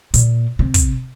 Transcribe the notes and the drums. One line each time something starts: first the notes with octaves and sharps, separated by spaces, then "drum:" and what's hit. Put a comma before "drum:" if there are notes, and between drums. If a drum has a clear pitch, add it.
A#2, drum: hi-hat
C3
drum: kick, hi-hat